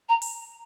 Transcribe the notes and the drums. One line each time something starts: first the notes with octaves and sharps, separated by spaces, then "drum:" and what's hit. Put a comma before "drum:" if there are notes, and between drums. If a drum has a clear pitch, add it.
A#5
drum: open hi-hat